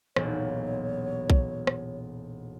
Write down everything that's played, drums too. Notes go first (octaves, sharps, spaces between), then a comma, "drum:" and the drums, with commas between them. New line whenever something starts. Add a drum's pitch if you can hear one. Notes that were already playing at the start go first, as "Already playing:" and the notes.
E1 B1 A#2 C#5, drum: rim click
drum: kick B1
drum: rim click